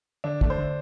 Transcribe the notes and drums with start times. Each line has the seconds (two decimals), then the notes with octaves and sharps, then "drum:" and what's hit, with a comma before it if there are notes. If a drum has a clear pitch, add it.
0.24 D3 D4
0.41 A3, drum: kick
0.50 C5
0.58 D3